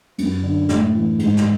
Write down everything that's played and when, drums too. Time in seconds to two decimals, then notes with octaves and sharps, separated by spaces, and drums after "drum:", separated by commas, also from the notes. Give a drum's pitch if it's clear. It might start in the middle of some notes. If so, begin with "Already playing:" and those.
0.18 F#2, drum: cymbal
0.43 D3
0.69 A2, drum: snare
0.95 E3
1.19 G#2, drum: cymbal
1.37 drum: snare